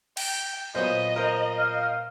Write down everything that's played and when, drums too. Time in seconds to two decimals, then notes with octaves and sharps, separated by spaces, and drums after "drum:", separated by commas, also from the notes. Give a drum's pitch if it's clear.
0.17 G5, drum: cymbal
0.75 A#2 F#3 B3 C5 D#5
1.16 A#4 C5
1.59 F5 F6